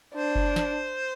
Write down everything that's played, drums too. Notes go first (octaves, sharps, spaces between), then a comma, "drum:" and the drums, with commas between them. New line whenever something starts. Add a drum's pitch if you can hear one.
D4 C5
drum: kick F#1
drum: snare